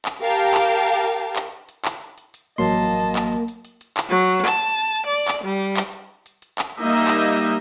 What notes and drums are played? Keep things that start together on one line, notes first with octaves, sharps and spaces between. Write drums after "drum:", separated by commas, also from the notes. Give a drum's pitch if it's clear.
drum: clap
G4 A#4 F5 G5 A5, drum: open hi-hat
drum: clap
drum: open hi-hat
drum: hi-hat
drum: hi-hat
drum: hi-hat
drum: clap
drum: hi-hat
drum: clap
drum: open hi-hat
drum: hi-hat
drum: hi-hat
A1 F#3 A#3 D#5 A5 C6
drum: open hi-hat
drum: hi-hat
drum: clap
drum: open hi-hat
drum: hi-hat
drum: hi-hat
drum: hi-hat
drum: clap
F#3
drum: hi-hat
A5, drum: clap
drum: open hi-hat
drum: hi-hat
drum: hi-hat
D5
drum: clap
G3, drum: open hi-hat
drum: clap
drum: open hi-hat
drum: hi-hat
drum: hi-hat
drum: clap
G3 A#3 D#4 D#5 E5
drum: hi-hat
drum: clap
drum: open hi-hat
drum: hi-hat